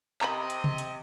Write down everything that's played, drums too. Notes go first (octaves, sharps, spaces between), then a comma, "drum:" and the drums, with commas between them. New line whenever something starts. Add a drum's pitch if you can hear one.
C3 C4 D#5 A#5 B5, drum: clap
drum: hi-hat
drum: tom C3
drum: hi-hat